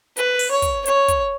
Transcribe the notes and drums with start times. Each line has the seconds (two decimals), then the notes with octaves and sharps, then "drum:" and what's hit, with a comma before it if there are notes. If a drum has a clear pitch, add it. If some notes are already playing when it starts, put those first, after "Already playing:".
0.17 B4, drum: hi-hat
0.39 drum: open hi-hat
0.51 C#5
0.62 drum: kick, hi-hat
0.86 C#5, drum: hi-hat
1.08 drum: kick, hi-hat